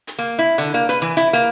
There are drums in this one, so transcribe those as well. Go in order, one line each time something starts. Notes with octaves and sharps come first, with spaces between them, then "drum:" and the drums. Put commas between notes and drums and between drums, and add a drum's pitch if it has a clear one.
drum: hi-hat
A#3
E4
D3
A#3
B4, drum: hi-hat
E3
E4, drum: hi-hat
A#3, drum: hi-hat